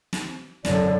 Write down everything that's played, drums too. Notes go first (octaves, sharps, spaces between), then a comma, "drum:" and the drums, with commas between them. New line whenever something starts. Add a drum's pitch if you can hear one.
drum: snare
F#2 D3 D5, drum: snare